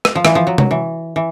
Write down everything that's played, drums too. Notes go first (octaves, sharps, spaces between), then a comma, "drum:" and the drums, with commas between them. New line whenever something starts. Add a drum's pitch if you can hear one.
drum: rim click
F3
E3, drum: rim click
F3
F#3
F#3, drum: tom C3
E3
E3